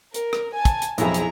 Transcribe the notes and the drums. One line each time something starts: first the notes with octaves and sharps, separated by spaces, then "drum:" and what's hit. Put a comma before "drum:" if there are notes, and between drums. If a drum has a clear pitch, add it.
A#4, drum: hi-hat
drum: rim click
G#5 A5
drum: kick, hi-hat
drum: hi-hat
B1 F2 E4 G#4 A#5, drum: hi-hat
drum: hi-hat